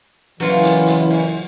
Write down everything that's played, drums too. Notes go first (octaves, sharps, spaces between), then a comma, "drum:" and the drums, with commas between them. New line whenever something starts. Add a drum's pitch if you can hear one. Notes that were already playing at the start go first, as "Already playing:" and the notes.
F#1 E3 F#3 F4, drum: open hi-hat
drum: hi-hat
drum: hi-hat
drum: open hi-hat